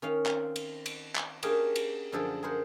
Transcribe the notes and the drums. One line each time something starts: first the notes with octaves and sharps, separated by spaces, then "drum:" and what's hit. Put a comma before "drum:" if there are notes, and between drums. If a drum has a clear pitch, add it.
D#3 C#4 F5
C4 F5, drum: clap
drum: cymbal
drum: cymbal
drum: clap
A#3 C#4 D4 G4 G#4 A#4, drum: cymbal
drum: cymbal
F#2 D3 F3 G#4 A4 D5
G#4 A#4 C5 F#5